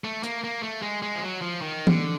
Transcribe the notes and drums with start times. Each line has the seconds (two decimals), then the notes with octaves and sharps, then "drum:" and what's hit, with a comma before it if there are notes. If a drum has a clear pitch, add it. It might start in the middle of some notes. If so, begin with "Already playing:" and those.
0.04 A3
0.23 A#3, drum: hi-hat
0.44 A#3
0.63 A3
0.82 G#3
1.02 G#3
1.16 F3
1.23 F#3
1.42 F3
1.62 D#3
1.87 D3, drum: tom